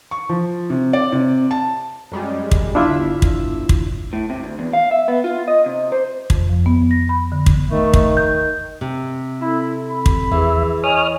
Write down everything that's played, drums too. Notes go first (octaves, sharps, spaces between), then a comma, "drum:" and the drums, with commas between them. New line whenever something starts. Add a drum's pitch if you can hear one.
C#6
F3
C3
D5
C3
A5
F#2 G3 G#3
drum: kick
G1 D4 E4 F4 E5
drum: kick
drum: kick
A2
C3
D2
E2
F5
E5
B3
F4
D#5
C3
C5
F2, drum: kick
F3
B3
A#6
B5
D3
drum: kick
D#3 A3
drum: kick
G6
C3
C4 E4 A4
B5
drum: kick
E2 E3 G#4 B4 E5
C#5 D#5 G#5 D#6 F6